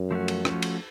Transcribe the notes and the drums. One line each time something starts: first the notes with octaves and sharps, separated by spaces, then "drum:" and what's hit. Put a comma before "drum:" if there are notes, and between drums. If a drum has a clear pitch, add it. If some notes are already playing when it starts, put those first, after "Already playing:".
Already playing: F#2
F3 A3 C#4 F#4
drum: cymbal
F3 A3 C#4 F#4, drum: rim click
drum: cymbal